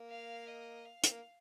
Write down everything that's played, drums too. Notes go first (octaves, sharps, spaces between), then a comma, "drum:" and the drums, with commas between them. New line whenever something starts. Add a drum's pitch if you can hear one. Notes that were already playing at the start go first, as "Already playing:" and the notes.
Already playing: A#3
F5
D#5
F5
C4, drum: hi-hat
A#3